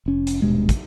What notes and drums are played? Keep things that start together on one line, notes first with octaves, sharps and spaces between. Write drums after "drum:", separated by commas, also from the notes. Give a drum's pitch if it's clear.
F1 C#4
drum: hi-hat
D#1 G2 B2 G#3
drum: kick, hi-hat